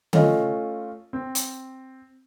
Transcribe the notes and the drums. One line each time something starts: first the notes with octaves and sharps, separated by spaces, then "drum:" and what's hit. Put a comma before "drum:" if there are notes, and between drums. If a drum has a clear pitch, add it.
A3 C#4 F4 D#5, drum: tom D3
C4
drum: hi-hat